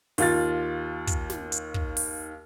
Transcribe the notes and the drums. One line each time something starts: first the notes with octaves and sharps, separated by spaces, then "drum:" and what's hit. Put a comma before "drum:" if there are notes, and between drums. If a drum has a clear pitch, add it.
D#2 F4 A6, drum: open hi-hat
drum: kick, hi-hat
drum: snare
drum: hi-hat
drum: kick
drum: open hi-hat